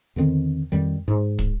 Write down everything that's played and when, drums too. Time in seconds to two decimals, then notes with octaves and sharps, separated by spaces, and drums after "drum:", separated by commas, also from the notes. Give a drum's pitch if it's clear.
0.16 E2 D3 D#3 C4
0.72 F2 D#3 G3
1.08 G#2
1.39 drum: kick